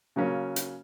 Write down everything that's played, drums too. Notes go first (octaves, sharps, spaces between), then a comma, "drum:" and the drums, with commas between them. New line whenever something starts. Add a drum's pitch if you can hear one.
C#3 F#3 A#3 C#4
drum: hi-hat